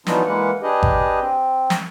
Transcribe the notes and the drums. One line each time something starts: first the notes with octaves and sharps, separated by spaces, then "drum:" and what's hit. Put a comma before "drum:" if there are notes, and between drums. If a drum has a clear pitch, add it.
E3 F#3 B3 D4 D#4 F4, drum: snare
E3 G#3 A#3 B4 F#5
D4 G4 G#4 B4 D#5
drum: kick G#1
C4
drum: snare